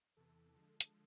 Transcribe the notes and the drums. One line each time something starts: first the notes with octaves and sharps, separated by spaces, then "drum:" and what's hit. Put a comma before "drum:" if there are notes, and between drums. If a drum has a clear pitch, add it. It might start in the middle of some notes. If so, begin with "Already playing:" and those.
E2 C3 E3 A4
D3 F3 G#3 A4
drum: hi-hat